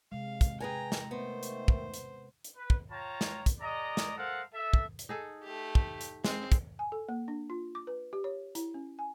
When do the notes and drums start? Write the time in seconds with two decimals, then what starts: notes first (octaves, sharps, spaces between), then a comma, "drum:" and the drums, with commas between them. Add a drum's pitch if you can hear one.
0.12 C3 G#3 F5
0.41 drum: kick, hi-hat
0.60 G#4 B4 G5 G#5 A#5
0.92 drum: snare
1.11 D#3 A3 B3 C5
1.43 drum: hi-hat
1.68 drum: kick
1.94 drum: hi-hat
2.44 drum: hi-hat
2.57 B4
2.70 drum: kick
2.90 F4 C#5 G5 A5 A#5
3.21 drum: snare
3.46 drum: kick, hi-hat
3.60 G#3 D5 D#5 A#5
3.97 drum: snare
4.17 A4 A#4 C5 F5 F#5
4.54 A4 E5
4.73 drum: kick
4.99 drum: hi-hat
5.09 D#4 G#4 A4
5.44 A3 G4
5.75 drum: kick
6.01 drum: hi-hat
6.24 G#3 C4, drum: snare
6.52 drum: kick, hi-hat
6.79 G#5
6.92 A4
7.09 A#3
7.28 D4
7.50 F4
7.75 D6
7.87 B4
8.13 G4
8.24 C#5
8.55 E4, drum: hi-hat
8.74 C#4
8.99 G#5